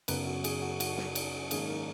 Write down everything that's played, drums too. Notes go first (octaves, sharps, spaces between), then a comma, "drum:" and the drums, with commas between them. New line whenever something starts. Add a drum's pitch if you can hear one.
F#2 C#3 F#3 B3 B4, drum: cymbal
F#4
G#4, drum: cymbal
F#4
F#4, drum: cymbal
drum: snare
drum: cymbal
G#2 D#3 A#3 C#4 G#4, drum: cymbal
A#4